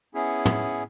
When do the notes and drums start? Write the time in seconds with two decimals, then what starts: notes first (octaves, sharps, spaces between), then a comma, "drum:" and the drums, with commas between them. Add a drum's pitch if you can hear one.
0.15 B3 C#4 E4 G#4
0.46 drum: tom